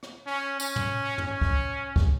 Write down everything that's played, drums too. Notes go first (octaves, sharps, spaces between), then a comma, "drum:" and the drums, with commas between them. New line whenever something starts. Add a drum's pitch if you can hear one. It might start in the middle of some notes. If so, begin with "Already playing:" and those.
drum: rim click
C#4
C#4, drum: tambourine
drum: tom
drum: tom
C#4
drum: kick
drum: kick